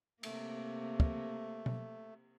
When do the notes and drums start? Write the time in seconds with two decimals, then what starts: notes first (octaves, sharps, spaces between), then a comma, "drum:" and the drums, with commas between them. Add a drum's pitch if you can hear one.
0.23 C3 A3 A#3, drum: cymbal
1.00 drum: kick
1.66 drum: tom B2